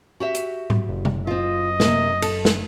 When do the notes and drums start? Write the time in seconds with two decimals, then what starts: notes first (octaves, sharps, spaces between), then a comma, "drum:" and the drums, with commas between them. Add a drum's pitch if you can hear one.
0.20 F#4 G4 E5
0.35 drum: hi-hat
0.70 drum: tom G#2
0.89 F#1
1.05 drum: tom C3
1.27 C4 F4 D#5
1.80 C3 A#3, drum: snare
2.22 A4, drum: cymbal
2.45 drum: snare